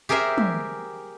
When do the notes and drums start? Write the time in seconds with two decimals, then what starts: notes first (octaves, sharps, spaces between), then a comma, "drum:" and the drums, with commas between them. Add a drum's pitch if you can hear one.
0.09 G4 G#4 A#4 C5 E5
0.38 drum: tom